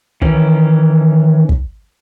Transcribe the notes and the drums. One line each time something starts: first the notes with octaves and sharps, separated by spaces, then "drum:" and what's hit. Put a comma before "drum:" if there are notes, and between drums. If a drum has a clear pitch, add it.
D#3 E3 C#4, drum: kick
drum: kick